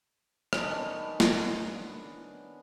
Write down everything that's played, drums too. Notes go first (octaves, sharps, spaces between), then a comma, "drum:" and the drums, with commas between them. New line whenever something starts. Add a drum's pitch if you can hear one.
D#3 B3 C#4 D4, drum: rim click
drum: snare